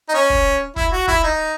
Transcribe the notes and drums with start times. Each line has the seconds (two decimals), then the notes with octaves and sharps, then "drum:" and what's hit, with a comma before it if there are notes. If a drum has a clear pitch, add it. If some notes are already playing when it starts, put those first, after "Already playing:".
0.09 D#4
0.14 C#4
0.30 drum: kick
0.76 E4, drum: kick
0.92 F#4
1.08 E4, drum: kick
1.23 D#4